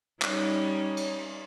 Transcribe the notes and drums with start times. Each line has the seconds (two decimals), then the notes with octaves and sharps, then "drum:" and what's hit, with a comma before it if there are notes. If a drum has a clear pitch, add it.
0.22 G3 C#4 D#4, drum: clap
0.97 drum: cymbal